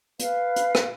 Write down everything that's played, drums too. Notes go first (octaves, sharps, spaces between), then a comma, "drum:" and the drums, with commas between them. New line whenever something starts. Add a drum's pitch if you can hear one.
B4 F5, drum: hi-hat
drum: hi-hat
drum: rim click